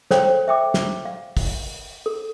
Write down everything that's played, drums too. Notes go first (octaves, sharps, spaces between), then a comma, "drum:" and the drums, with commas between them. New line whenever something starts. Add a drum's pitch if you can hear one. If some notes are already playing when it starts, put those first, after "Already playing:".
A4 C5 C#5 F5 G5, drum: snare
E5 G5 D6
drum: snare
F5
drum: kick, open hi-hat
A4